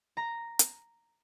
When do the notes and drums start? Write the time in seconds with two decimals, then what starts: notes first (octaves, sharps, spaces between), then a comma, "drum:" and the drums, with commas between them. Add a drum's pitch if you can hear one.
0.17 A#5
0.59 drum: hi-hat